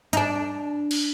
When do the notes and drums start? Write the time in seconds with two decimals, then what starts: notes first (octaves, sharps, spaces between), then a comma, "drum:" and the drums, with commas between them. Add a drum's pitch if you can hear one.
0.13 D#4, drum: hi-hat
0.17 D4
0.91 drum: cymbal